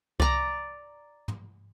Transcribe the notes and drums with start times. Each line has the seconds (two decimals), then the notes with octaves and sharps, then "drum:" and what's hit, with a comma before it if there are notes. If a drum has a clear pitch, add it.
0.20 D5 A#5, drum: kick C2
1.28 drum: tom